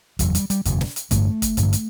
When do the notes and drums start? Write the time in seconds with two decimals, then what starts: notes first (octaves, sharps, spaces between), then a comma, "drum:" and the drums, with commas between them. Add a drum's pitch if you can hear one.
0.19 F#1 E2 B2 F#3, drum: hi-hat
0.35 G3, drum: hi-hat
0.50 G3, drum: hi-hat
0.65 F#1 E2 B2, drum: hi-hat
0.81 drum: snare
0.96 drum: hi-hat
1.11 A1 G2 D3 A3, drum: kick, hi-hat
1.42 drum: kick, hi-hat
1.57 A1 G2 D3, drum: hi-hat
1.73 drum: hi-hat